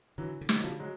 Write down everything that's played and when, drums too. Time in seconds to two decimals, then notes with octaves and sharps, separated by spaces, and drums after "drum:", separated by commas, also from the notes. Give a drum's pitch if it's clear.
0.18 D3 E3 F#3
0.41 D3
0.49 G3, drum: snare
0.56 F#3
0.64 D3 F3 G3
0.80 F#3 G#3